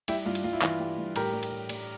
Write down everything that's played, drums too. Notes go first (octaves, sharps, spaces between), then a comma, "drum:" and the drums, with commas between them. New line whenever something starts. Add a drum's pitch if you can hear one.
G3 E4 G4, drum: cymbal
G2 F4
drum: cymbal
G2 F4
E4
E3 F4, drum: clap
G3
G2
A2 G4 A#4, drum: cymbal
G3
drum: cymbal
A2
G3, drum: cymbal